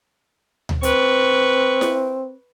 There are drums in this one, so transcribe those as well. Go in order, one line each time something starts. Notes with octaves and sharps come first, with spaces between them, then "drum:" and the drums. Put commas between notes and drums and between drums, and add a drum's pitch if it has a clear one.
drum: tom D2
C4 B4 C#6, drum: hi-hat
drum: snare E4